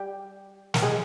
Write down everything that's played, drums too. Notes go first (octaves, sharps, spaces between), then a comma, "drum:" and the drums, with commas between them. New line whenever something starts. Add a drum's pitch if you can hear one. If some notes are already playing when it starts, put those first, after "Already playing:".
Already playing: G3 G4
A#4, drum: snare
G#3 G#4